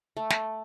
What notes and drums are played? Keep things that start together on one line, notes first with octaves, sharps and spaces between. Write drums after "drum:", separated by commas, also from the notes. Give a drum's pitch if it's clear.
A3
drum: snare